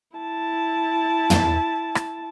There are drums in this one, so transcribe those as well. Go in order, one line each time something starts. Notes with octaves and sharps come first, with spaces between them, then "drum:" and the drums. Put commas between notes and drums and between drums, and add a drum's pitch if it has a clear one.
E4 A5
drum: tom
drum: rim click